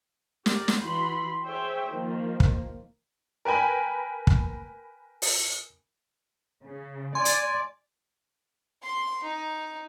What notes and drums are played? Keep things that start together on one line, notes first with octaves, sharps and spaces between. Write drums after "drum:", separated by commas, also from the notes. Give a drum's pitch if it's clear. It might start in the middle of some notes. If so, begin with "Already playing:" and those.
G4 A#4 D5, drum: snare
drum: snare
E3 F#4 B5 C6
G#4 C5 C#5 E5 G5
D#3 F3 A#3
drum: kick
A#4 B4 G5 G#5 B5
drum: kick
drum: open hi-hat
C#3
D5 G#5 C6
drum: hi-hat
C6
D#4